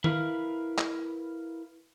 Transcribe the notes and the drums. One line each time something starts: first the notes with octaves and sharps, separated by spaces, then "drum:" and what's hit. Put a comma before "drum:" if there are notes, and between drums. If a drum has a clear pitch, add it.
E4 A#4 B4 F5, drum: tom D#3
drum: clap